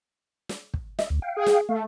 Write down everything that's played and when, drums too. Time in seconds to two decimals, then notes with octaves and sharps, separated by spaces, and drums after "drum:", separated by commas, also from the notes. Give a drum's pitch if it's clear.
0.49 drum: snare
0.74 drum: kick
0.99 D#5 E5, drum: snare
1.10 D2
1.22 F5 G5
1.37 G#4
1.46 drum: snare
1.69 A3 F5